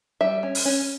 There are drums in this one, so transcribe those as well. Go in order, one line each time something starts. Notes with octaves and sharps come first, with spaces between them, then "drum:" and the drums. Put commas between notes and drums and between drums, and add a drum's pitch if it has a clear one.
G3 E5
C#4
drum: open hi-hat
C#4